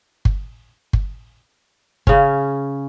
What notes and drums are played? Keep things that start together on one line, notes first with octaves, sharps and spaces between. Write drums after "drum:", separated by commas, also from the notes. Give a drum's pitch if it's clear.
drum: kick G1
drum: kick G1
C#3 C#4, drum: kick G1